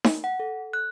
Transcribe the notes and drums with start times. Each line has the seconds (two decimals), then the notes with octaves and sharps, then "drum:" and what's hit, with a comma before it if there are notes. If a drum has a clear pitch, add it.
0.04 drum: snare D#4
0.24 F#5
0.40 A4
0.73 F#6